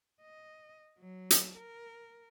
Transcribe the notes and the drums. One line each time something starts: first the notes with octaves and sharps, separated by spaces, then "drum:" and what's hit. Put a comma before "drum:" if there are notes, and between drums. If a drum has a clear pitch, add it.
D#5
F#3
drum: hi-hat
A#4